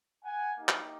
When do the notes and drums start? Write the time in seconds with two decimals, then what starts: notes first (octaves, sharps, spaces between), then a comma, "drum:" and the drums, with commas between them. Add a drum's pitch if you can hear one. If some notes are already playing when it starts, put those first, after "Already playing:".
0.25 F#5 G#5
0.58 A#3 D#4 G4
0.69 drum: clap